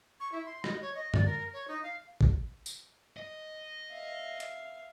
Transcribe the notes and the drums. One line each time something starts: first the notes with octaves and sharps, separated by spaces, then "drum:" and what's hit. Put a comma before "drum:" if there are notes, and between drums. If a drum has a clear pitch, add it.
C#6
E4
C6
D#5, drum: rim click
C#5
D#5
D5, drum: tom F#2
A#4
C#5
D#4
F5
drum: kick G#1
drum: tambourine
D#5
E5 F5
drum: hi-hat